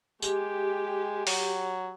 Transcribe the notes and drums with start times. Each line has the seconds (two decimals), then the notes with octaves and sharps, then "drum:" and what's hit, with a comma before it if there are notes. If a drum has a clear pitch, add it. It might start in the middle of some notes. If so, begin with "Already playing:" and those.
0.22 G#3 G4, drum: tambourine
1.27 F#3, drum: open hi-hat